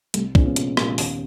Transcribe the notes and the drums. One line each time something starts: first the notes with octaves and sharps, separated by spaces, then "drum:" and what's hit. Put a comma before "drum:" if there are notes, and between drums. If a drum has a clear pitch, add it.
C2 G3 A3, drum: hi-hat
A#2 F3 G#3 C4 D4, drum: kick
B3 C#4
C2, drum: hi-hat
A#2 F3 G#3, drum: rim click
D#2, drum: open hi-hat